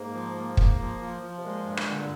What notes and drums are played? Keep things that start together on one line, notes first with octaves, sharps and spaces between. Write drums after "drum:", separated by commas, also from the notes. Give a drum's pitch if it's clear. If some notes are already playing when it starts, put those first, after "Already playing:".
Already playing: G#2 A#3
F3
A#3
A#3, drum: kick
F3
F3
F3
C3
A#2 G#3
G2
drum: rim click
D3